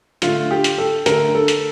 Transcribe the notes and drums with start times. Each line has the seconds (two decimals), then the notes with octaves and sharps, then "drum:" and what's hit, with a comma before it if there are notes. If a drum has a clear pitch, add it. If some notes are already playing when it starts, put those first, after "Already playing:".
0.22 D3 A3 F4, drum: hi-hat
0.51 G4
0.64 drum: hi-hat
0.78 A4
1.06 D3 A3 A#4, drum: hi-hat
1.35 A4
1.48 drum: hi-hat